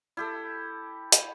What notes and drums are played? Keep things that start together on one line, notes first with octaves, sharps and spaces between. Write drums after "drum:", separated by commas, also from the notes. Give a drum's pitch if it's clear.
E4 G4 A4
drum: hi-hat